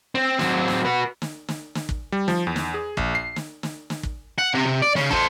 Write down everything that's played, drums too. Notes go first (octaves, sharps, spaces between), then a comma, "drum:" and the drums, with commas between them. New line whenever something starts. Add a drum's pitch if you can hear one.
C4
F#3 C4, drum: snare
drum: snare
F#4 B4
drum: snare
drum: snare
drum: snare
drum: kick
G3
F3, drum: snare
E2
drum: snare
G#4
A#1, drum: kick
C7
drum: snare
drum: snare
drum: snare
drum: kick
F#5
C3
C3
D5
C#3 C#4, drum: snare
A4 C5, drum: kick